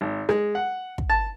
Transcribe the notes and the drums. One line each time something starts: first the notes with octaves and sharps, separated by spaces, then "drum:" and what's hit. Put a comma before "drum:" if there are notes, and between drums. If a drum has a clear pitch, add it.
G#1
G#3, drum: rim click
F#5
drum: kick
A5